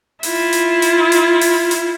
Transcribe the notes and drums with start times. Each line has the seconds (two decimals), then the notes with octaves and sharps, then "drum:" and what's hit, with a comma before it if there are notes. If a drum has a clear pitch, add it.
0.23 E4 F4, drum: open hi-hat
0.53 drum: hi-hat
0.82 drum: hi-hat
1.12 drum: hi-hat
1.41 drum: open hi-hat
1.71 drum: hi-hat